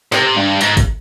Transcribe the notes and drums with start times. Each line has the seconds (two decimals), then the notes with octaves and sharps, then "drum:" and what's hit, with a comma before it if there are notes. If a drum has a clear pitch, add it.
0.12 C3, drum: snare
0.36 G2
0.61 G#2, drum: hi-hat
0.77 drum: kick, hi-hat